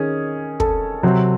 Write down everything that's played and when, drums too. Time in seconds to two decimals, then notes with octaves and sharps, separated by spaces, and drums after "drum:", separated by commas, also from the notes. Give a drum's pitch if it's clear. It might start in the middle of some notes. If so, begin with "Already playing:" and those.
Already playing: D#3 C#4 G#4
0.60 A4, drum: kick
1.03 C3 F#3 C4